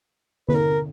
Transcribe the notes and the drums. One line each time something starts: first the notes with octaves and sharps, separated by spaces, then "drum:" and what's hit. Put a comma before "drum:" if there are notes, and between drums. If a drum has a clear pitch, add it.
B4, drum: tom D3
A#4